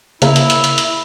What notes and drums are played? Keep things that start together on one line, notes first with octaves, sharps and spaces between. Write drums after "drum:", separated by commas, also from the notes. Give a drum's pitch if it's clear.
C#3 A#3 E4, drum: hi-hat
drum: hi-hat
drum: hi-hat
drum: hi-hat
drum: hi-hat